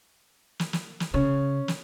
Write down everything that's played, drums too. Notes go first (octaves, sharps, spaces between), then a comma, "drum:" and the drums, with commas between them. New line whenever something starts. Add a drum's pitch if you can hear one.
drum: snare
drum: snare
drum: snare
C#3 C#4
drum: snare